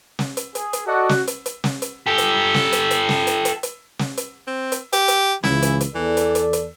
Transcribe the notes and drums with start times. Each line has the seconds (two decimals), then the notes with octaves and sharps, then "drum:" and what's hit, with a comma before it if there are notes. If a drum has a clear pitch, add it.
0.19 drum: snare
0.37 drum: hi-hat
0.55 G#4, drum: hi-hat
0.73 drum: hi-hat
0.87 F#4 A4 D5 D#5
1.09 drum: snare
1.27 drum: hi-hat
1.46 drum: hi-hat
1.64 drum: snare
1.82 drum: hi-hat
2.07 G4 A4
2.18 drum: hi-hat
2.54 drum: snare
2.72 drum: hi-hat
2.91 drum: hi-hat
3.09 drum: snare
3.27 drum: hi-hat
3.45 drum: hi-hat
3.63 drum: hi-hat
3.99 drum: snare
4.17 drum: hi-hat
4.47 C4
4.72 drum: hi-hat
4.93 G4, drum: hi-hat
5.08 drum: hi-hat
5.43 C#2 C#3 E3 E4, drum: snare
5.62 drum: hi-hat
5.81 drum: hi-hat
5.95 E2 E3 A4 D5
6.17 drum: hi-hat
6.35 drum: hi-hat
6.53 drum: hi-hat